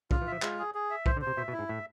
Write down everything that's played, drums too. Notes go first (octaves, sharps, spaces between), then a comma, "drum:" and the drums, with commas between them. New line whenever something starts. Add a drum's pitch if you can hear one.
D3 F4, drum: kick
E3
F3 E5
G#3 F4, drum: clap
G#4
G#4
E5
E3 C5, drum: kick
D3
C5
C3
B2 E5
B2
E4
G#2
A2 E5